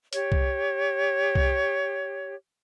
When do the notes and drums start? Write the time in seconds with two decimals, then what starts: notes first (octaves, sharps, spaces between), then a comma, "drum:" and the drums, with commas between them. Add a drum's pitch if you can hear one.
0.13 G4 C#5, drum: hi-hat
0.32 drum: kick C2
1.35 drum: kick C2